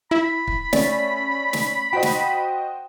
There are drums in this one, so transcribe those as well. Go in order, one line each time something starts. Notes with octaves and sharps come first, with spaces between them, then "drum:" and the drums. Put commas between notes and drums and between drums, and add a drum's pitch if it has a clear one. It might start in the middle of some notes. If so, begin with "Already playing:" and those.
E4 B5
drum: kick
A3 C#4 D5, drum: snare
drum: snare
F#4 C5 D#5 G5
drum: snare